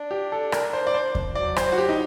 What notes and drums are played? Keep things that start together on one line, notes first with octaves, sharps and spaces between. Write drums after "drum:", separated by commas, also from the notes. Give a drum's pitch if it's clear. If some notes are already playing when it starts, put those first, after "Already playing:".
Already playing: D4
G4
A4
A#4, drum: rim click
C5
D5
C5
drum: kick E2
F#3 D5
C5, drum: rim click
F#4
G4
D#4